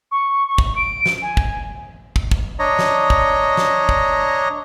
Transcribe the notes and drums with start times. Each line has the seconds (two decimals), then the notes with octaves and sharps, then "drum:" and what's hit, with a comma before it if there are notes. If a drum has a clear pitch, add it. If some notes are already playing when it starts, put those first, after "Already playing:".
0.11 C#6
0.47 C#6
0.58 drum: kick
0.76 D7
1.06 drum: snare
1.21 G#5
1.37 drum: kick
2.16 drum: kick
2.31 drum: kick
2.59 D4 C#5 D#5 A#5
2.79 drum: snare
3.10 drum: kick
3.57 drum: snare
3.89 drum: kick